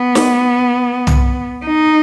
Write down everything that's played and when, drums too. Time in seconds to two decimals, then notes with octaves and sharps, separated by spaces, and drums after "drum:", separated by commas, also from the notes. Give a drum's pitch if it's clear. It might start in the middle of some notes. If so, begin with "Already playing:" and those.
Already playing: B3
0.15 drum: snare
1.07 drum: tom
1.66 D#4